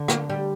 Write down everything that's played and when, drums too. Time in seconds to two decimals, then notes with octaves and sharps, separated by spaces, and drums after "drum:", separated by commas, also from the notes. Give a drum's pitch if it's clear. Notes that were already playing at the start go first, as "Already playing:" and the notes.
Already playing: D3
0.08 A#3, drum: rim click
0.30 G3